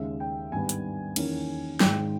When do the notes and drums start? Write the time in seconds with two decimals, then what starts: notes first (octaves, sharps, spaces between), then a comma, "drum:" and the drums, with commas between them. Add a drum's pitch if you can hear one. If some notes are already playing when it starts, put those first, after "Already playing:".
Already playing: D#2 C#3 G#3 E5
0.20 G5
0.52 G#1 G2 G3 B3 G#5
0.69 drum: hi-hat
1.16 E2 D#3 A#3 C#4, drum: cymbal
1.80 G#1 G#2 D#3 G#3 G5, drum: snare